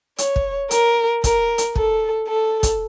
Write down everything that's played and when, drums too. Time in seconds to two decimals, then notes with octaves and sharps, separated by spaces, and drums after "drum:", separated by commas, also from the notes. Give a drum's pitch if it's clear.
0.18 C#5, drum: hi-hat
0.36 drum: kick
0.71 A#4, drum: hi-hat
1.24 A#4, drum: kick, hi-hat
1.58 drum: hi-hat
1.75 A4, drum: kick
2.28 A4
2.63 drum: kick, hi-hat